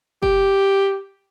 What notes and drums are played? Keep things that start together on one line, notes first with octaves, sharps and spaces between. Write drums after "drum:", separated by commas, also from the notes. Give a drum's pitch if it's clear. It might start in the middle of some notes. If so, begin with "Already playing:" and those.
G4, drum: kick F#1